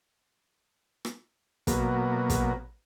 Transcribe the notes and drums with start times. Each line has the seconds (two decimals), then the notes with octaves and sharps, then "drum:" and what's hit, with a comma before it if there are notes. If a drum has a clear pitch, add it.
1.05 drum: rim click
1.67 B2 F#3 A#3, drum: kick, hi-hat
2.30 drum: kick, hi-hat